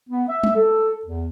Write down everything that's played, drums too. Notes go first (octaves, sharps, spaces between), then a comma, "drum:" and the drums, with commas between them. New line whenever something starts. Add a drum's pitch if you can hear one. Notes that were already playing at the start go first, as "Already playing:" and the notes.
B3
E5
drum: tom G3
A4
E2